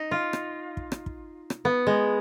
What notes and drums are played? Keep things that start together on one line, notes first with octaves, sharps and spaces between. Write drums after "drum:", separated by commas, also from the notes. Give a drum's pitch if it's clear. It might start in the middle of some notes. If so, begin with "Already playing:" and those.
Already playing: D#4
F4
drum: rim click
drum: kick
drum: rim click
drum: kick
drum: rim click
B3
G#3